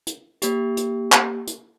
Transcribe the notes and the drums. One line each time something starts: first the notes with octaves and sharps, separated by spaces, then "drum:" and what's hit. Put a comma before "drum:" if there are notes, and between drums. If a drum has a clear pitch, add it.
drum: hi-hat
A#3 G4, drum: hi-hat
drum: hi-hat
drum: clap
drum: hi-hat